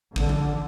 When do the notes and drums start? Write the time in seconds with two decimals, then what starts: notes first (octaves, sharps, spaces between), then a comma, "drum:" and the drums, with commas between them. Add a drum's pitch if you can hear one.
0.16 D3, drum: kick
0.29 drum: tom E3